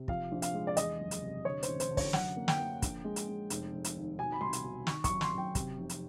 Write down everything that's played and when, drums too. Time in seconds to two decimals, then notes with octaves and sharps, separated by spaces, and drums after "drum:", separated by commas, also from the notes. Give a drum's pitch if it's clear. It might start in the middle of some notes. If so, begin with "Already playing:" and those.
Already playing: C3
0.08 F3 F5, drum: kick
0.32 A#1
0.42 F5, drum: hi-hat
0.54 G#3
0.67 D5
0.77 E2 D#5, drum: hi-hat
1.00 F#1
1.11 drum: hi-hat
1.22 C3
1.45 D3 C#5
1.63 C5, drum: hi-hat
1.68 A1
1.80 C5, drum: hi-hat
1.91 D3
1.97 C#5, drum: kick, open hi-hat
2.13 F#2 F#5, drum: snare
2.37 A#3
2.48 G5, drum: snare
2.59 A#3
2.82 A#1, drum: kick, hi-hat
3.04 G#3
3.16 drum: hi-hat
3.28 G#3
3.50 F1, drum: hi-hat
3.73 F1
3.84 drum: hi-hat
3.96 D#2
4.19 B2 G#5
4.32 B5
4.41 C2 C6
4.53 drum: hi-hat
4.64 B2
4.87 D#3 C#6, drum: snare
5.04 C#6, drum: kick, hi-hat
5.09 F#2
5.21 C6, drum: snare
5.33 F#2 G5
5.55 C3, drum: kick, hi-hat
5.78 F1
5.89 drum: hi-hat